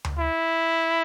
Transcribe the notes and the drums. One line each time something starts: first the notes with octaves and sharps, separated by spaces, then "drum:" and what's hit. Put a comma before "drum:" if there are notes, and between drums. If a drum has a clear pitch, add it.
drum: tom D2
E4